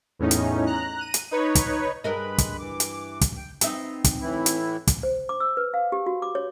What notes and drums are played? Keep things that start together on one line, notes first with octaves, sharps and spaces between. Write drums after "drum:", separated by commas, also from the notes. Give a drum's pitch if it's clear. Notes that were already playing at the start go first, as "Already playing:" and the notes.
E2 A2 C#4 D#4
drum: hi-hat
A#5 F#6
D#7
drum: hi-hat
D#4 B4 C#5
drum: kick, hi-hat
G2 G#3 A#4 B4 D#5 B5
drum: kick, hi-hat
E3 D6
drum: hi-hat
drum: kick, hi-hat
G5
B3 C4 D#4 E5, drum: hi-hat
drum: kick, hi-hat
A2 E3 E4
drum: hi-hat
drum: kick, hi-hat
C5
D6
E6
B4
F5
G4
F#4
D6
C#5